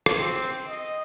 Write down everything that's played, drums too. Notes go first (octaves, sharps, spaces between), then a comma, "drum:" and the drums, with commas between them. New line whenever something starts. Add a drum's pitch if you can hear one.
drum: rim click
C4
D#5